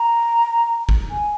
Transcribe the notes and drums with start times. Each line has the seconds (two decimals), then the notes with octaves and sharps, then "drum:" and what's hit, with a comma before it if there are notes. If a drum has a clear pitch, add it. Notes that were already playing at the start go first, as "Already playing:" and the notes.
Already playing: A#5
0.89 drum: kick
1.11 G#5